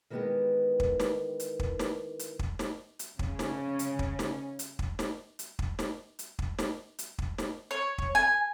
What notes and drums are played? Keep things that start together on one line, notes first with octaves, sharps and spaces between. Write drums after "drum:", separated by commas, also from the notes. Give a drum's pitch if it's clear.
D#3 E3 G#3 B3 G4 A#4
drum: kick
drum: snare
drum: hi-hat
drum: kick
drum: snare
drum: hi-hat
drum: kick
drum: snare
drum: hi-hat
C#3 C#4, drum: kick
drum: snare
drum: hi-hat
drum: kick
drum: snare
drum: hi-hat
drum: kick
drum: snare
drum: hi-hat
drum: kick
drum: snare
drum: hi-hat
drum: kick
drum: snare
drum: hi-hat
drum: kick
drum: snare
C#5
drum: kick
G#5